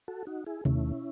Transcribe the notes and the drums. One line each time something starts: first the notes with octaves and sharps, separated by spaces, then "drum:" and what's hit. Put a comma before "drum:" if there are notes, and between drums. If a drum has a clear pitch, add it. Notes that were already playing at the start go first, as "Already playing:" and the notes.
F#4 A4
D#4 F#4
E4 G#4
D#2 D#3 A3 C#4 E4, drum: tom B2